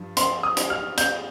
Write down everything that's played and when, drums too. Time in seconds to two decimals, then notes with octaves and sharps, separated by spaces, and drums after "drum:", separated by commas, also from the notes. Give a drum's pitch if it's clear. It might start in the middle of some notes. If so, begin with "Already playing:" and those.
Already playing: G2 F3
0.17 C6, drum: hi-hat
0.43 D#6
0.57 drum: hi-hat
0.70 F6
0.98 G6, drum: hi-hat